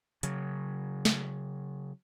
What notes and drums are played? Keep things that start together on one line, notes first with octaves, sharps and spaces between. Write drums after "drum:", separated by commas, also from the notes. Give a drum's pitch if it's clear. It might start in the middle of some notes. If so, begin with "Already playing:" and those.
C#3 F#3, drum: hi-hat
drum: snare